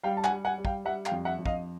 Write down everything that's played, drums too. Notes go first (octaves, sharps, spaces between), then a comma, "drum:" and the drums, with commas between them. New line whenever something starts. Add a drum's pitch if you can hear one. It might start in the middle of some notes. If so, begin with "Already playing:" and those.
G3 F5 G5
A5
F#5 G#5, drum: clap
G3
F#5 G#5
G3
F5 G5, drum: kick
G3 E5 F#5
F5 G5, drum: clap
F2
E5 F#5
F2
D#5 F5, drum: kick